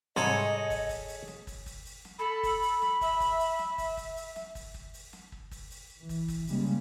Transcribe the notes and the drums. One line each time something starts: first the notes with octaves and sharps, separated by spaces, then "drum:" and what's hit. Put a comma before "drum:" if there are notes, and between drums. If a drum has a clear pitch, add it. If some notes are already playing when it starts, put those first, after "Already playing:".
G#2 C3 G3 G#4 A4 C#5 D#5
drum: kick, open hi-hat
drum: kick, open hi-hat
drum: open hi-hat
drum: snare
drum: kick, open hi-hat
drum: kick, open hi-hat
drum: open hi-hat
drum: snare
A4 B5
drum: kick, open hi-hat
drum: open hi-hat
drum: snare
E5, drum: kick, open hi-hat
drum: kick, open hi-hat
drum: open hi-hat
drum: snare
drum: kick, open hi-hat
drum: kick, open hi-hat
drum: open hi-hat
drum: snare
drum: kick, open hi-hat
drum: kick
drum: open hi-hat
drum: snare
drum: kick
drum: kick, open hi-hat
drum: open hi-hat
E3
drum: kick, open hi-hat
drum: kick, open hi-hat
C#3 G3 G#3 A#3, drum: open hi-hat